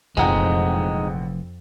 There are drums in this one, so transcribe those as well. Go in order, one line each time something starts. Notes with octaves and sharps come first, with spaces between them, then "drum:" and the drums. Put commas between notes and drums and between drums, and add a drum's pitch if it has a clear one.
F1 A#1 F2 E3 G#3 D#4 F#5 G5, drum: kick